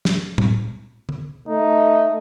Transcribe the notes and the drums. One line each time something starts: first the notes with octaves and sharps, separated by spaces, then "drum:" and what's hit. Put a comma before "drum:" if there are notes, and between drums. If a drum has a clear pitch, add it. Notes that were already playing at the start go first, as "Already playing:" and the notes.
drum: snare
drum: tom A2
drum: tom D3
A3 D#4